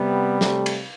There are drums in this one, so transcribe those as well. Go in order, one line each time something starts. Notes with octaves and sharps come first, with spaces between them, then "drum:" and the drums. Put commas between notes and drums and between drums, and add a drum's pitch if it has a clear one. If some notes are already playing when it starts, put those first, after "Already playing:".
Already playing: C3 G3 B3
A3, drum: snare
drum: cymbal